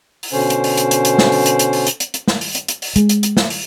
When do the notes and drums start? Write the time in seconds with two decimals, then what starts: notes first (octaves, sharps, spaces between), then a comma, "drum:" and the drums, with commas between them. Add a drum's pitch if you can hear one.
0.23 drum: open hi-hat
0.33 B2 D3 C#4 C5
0.50 drum: hi-hat
0.64 drum: open hi-hat
0.78 drum: hi-hat
0.91 drum: hi-hat
1.05 drum: hi-hat
1.18 drum: snare
1.32 drum: open hi-hat
1.46 drum: hi-hat
1.59 drum: hi-hat
1.73 drum: open hi-hat
1.87 drum: hi-hat
2.00 drum: hi-hat
2.14 drum: hi-hat
2.28 drum: snare
2.41 drum: open hi-hat
2.55 drum: hi-hat
2.68 drum: hi-hat
2.82 drum: open hi-hat
2.96 G#3, drum: hi-hat
3.09 drum: hi-hat
3.23 drum: hi-hat
3.37 drum: snare
3.50 drum: open hi-hat